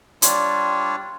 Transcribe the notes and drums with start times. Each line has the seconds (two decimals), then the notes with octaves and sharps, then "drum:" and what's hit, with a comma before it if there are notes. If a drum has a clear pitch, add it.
0.22 G3 D4 F4 C#5, drum: hi-hat